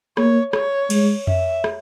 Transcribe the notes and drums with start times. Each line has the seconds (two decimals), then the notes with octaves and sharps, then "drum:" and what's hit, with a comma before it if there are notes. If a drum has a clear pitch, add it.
0.17 A#3 C#5, drum: rim click
0.53 C#5, drum: rim click
0.90 G#3, drum: cymbal
1.27 E5, drum: tom F2
1.64 drum: rim click